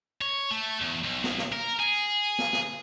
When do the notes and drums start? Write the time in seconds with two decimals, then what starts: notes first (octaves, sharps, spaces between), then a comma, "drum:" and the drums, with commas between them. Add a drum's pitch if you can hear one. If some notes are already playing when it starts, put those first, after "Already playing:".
0.21 C#5
0.51 A3
0.81 E2
1.03 B1
1.24 drum: snare
1.38 drum: snare
1.52 A#4
1.80 G#4
2.38 drum: snare
2.53 drum: snare